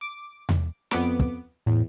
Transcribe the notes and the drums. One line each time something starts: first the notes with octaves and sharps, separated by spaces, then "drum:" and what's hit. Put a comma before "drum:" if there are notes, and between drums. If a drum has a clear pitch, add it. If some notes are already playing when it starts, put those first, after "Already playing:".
D6
drum: tom E2
F2 B3 D6, drum: snare
drum: kick
E2 A2